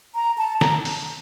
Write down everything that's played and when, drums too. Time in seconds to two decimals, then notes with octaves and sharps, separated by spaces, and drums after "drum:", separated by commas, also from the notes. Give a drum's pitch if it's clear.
0.15 A#5
0.38 A5
0.61 A#5, drum: snare
0.85 drum: open hi-hat